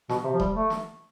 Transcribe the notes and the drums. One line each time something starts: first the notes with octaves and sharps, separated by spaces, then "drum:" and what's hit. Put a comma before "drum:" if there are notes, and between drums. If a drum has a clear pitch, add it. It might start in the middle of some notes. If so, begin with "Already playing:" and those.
B2, drum: snare
C3
F3
G3, drum: kick D#1
A3
drum: snare